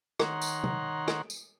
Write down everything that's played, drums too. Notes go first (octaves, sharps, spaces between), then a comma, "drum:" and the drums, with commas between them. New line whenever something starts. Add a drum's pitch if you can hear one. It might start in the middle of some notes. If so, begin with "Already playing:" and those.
D#3 C#5 F#5 A#5 C6, drum: rim click
drum: tambourine
drum: tom C3
drum: rim click
drum: tambourine